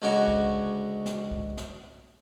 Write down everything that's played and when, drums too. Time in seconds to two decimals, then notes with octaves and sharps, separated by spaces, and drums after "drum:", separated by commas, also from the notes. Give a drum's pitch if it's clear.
0.02 D2 C#3 G#3 F#4 C#5 D6
0.28 drum: kick C2
1.06 drum: snare
1.31 drum: kick C2
1.57 drum: snare